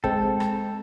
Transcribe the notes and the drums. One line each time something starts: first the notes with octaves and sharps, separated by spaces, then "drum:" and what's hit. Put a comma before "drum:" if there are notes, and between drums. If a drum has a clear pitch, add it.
G#3 C4 A4 G5, drum: kick
drum: rim click